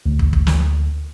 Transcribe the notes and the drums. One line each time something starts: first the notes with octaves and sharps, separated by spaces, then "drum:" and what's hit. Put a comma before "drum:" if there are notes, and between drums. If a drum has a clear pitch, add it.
D2
drum: kick
drum: kick
drum: snare